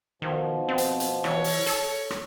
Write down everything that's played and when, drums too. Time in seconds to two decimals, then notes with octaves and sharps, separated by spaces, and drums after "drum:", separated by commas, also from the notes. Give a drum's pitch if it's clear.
0.22 B2 D#3 F3
0.68 C4
0.78 drum: hi-hat
1.00 drum: hi-hat
1.24 E3 C#5, drum: rim click
1.44 drum: open hi-hat
1.66 A4, drum: hi-hat
2.10 drum: rim click